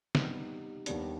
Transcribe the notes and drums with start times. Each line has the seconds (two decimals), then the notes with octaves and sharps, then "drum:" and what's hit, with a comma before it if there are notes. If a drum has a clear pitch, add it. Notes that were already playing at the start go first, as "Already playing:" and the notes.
0.15 C3 G3 B3 D#4 G4, drum: snare
0.86 D#2 D#3 G3 B3 D4, drum: hi-hat